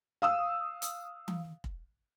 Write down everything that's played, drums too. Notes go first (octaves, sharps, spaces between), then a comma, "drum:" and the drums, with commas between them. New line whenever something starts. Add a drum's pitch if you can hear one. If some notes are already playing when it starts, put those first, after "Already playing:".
F5 D#6 E6
drum: hi-hat
drum: tom E3
drum: kick